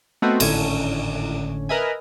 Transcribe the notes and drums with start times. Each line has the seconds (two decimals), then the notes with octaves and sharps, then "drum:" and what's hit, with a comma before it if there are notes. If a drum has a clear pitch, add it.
0.22 A3 B3 C4 F#4 D#5
0.40 G#1 A2 D3 C#4, drum: cymbal
1.69 A#4 B4 D#5 E5 G#5